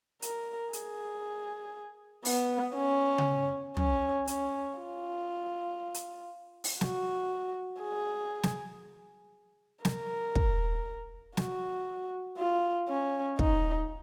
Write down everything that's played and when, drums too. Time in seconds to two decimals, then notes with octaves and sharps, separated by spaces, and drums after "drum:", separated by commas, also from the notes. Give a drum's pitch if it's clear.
0.22 A#4, drum: hi-hat
0.73 G#4, drum: hi-hat
2.25 B3, drum: open hi-hat
2.75 C#4
3.18 drum: tom C#3
3.77 C#4, drum: tom
4.27 C#4, drum: hi-hat
4.78 F4
5.94 drum: hi-hat
6.64 drum: open hi-hat
6.81 F#4, drum: snare
7.82 G#4
8.43 drum: snare
9.85 A#4, drum: snare
10.35 drum: kick
11.37 F#4, drum: snare
12.38 F4
12.88 C#4
13.39 D#4, drum: kick